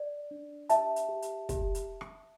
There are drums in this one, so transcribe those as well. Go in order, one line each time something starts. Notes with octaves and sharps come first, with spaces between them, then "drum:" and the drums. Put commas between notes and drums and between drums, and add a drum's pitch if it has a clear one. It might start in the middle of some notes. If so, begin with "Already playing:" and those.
Already playing: D5
D4
G4 E5 A5, drum: hi-hat
drum: hi-hat
G4
drum: hi-hat
G4, drum: kick, hi-hat
drum: hi-hat
drum: rim click